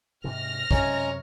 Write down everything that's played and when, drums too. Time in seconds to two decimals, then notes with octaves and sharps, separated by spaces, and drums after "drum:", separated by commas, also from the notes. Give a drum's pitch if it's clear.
0.24 G#2 C3 F6 A#6
0.71 F#2 C3 G#3 C#4 C#5 A#5, drum: kick A#1